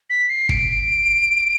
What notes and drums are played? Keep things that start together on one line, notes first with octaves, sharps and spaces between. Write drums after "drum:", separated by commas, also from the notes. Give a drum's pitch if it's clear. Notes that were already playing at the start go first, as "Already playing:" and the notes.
B6
C7
D7, drum: kick